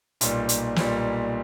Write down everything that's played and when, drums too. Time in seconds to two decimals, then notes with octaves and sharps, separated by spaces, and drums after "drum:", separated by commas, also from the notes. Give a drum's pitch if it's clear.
0.21 B1 A#2 G3, drum: hi-hat
0.49 drum: hi-hat
0.76 B1 A#2 G3, drum: snare